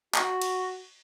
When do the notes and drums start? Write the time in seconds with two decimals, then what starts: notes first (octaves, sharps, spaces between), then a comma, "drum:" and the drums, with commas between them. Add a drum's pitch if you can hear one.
0.14 F#4, drum: clap
0.42 drum: cymbal